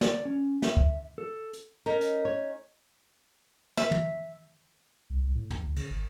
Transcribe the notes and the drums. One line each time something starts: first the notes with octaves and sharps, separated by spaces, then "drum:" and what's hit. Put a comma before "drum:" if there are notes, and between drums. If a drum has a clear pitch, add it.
D5, drum: snare
C#4
E5, drum: snare
drum: kick
A4
drum: hi-hat
C#4 D#4 A#4 A#5
drum: hi-hat
C#5
E5, drum: snare
drum: tom
C2
C2
A2
E2, drum: tom
D2
C#3, drum: cymbal
G#1